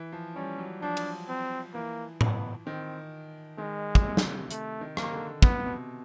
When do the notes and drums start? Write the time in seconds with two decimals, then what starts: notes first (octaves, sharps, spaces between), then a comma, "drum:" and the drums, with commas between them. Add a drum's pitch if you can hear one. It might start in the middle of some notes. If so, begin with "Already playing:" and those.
Already playing: E3
0.12 F3
0.35 G3 C#4
0.58 F#3
0.82 F3 D4
0.97 drum: cymbal
1.29 C4
1.74 E3 A#3
2.21 B3, drum: tom A2
2.66 D#3 C4
3.58 D#3 G#3
3.95 drum: kick
4.05 C3
4.17 drum: snare
4.51 A3, drum: hi-hat
4.81 D#3
4.97 A#3, drum: rim click
5.13 D3
5.42 C3 B3, drum: kick
5.65 B2